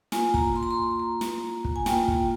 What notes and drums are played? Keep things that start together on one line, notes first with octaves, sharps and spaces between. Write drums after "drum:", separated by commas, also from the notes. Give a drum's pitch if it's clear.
A#3 F4 G#5, drum: snare
A#5, drum: kick
C6
A#5
C6
A#5
drum: snare
drum: kick
G#5
A#3 F4 G5, drum: snare
drum: kick